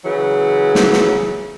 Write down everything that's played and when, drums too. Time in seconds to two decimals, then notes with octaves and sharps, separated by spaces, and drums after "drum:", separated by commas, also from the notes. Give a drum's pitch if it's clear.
0.04 C#3 E3 F#3
0.75 drum: snare
0.92 drum: snare